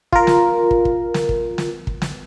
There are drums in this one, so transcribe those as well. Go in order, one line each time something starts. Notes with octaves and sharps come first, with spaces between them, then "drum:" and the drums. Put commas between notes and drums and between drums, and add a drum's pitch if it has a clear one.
F4 A#4, drum: kick
drum: snare
drum: kick
drum: kick
drum: snare
drum: kick
drum: snare
drum: kick
drum: snare